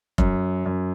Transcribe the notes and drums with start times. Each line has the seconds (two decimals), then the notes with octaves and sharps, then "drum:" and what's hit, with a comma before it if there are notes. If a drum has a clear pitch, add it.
0.18 F#2, drum: kick F1
0.66 F#2